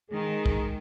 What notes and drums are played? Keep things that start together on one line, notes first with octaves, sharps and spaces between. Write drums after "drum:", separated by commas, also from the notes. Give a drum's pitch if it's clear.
D#3 G#3 G#4
drum: kick